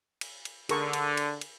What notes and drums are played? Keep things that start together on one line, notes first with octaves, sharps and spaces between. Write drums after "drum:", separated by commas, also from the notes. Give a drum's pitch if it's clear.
drum: cymbal
drum: cymbal
D3 G#4 A#4 C#6, drum: cymbal
drum: cymbal
drum: cymbal
drum: cymbal